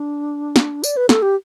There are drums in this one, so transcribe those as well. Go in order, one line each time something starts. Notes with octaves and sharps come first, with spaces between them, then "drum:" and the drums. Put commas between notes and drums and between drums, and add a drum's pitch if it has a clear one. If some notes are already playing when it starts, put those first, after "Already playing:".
Already playing: D4
drum: snare
D5, drum: tambourine
B4
A4, drum: snare
G4